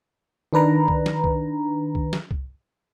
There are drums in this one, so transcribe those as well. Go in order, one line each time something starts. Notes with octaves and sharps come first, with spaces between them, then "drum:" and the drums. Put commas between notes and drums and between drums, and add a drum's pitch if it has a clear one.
D#3 D4 B4 A#5
drum: kick C2
drum: snare
drum: kick C2
drum: kick C2
drum: snare
drum: kick C2